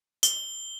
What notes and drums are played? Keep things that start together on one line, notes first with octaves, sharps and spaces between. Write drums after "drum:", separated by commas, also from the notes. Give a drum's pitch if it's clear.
G7, drum: tambourine